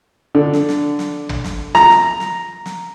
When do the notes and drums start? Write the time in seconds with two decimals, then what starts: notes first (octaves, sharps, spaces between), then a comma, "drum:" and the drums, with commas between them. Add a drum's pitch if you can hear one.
0.35 D3
0.53 drum: snare
0.69 drum: snare
0.99 drum: snare
1.29 drum: tom
1.44 drum: snare
1.75 A#5, drum: snare
1.90 drum: snare
2.20 drum: snare
2.66 drum: snare